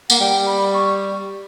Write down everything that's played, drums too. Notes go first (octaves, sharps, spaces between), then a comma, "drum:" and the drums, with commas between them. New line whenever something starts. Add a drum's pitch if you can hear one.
A#3 F#5, drum: tambourine
G3 G5
B5
C#6